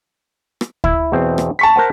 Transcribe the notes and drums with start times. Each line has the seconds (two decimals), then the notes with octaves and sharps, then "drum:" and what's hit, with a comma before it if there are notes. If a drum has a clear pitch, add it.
0.61 drum: rim click
0.84 E4, drum: kick D2
1.12 E2 B2 C4
1.38 drum: rim click
1.59 A5 C#6 B6
1.76 A#4 C5 F#5